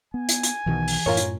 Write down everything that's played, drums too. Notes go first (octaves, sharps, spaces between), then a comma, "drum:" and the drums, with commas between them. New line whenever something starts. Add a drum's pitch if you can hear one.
B3 G#5
drum: hi-hat
drum: hi-hat
B1 B2 D#3 E3
drum: open hi-hat
F#2 A2 F4 A#4 C#5
drum: hi-hat